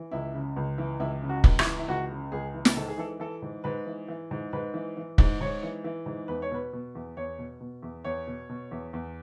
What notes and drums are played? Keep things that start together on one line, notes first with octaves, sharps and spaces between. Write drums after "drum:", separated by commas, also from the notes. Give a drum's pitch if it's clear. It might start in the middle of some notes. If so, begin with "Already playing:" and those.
Already playing: E3
C#2 E4
C#3
C#2
E3
C#2 E4
C#3
F#4
C#2, drum: kick
E4, drum: rim click
E3
E4
C#2 F#4
C#3
C#2 G#4
E3
drum: snare
G#2 A4
G#4
E3 A4
E3 A4
G#2
G#2 B4
E3
E3
G#2
G#2 B4
E3
E3
G#2, drum: kick
G#2 C#5
E3
E3
G#2
E2 B4
C#5
B2 B4
B2
E2
E2 C#5
B2
B2
E2
E2 C#5
B2
B2
E2
E2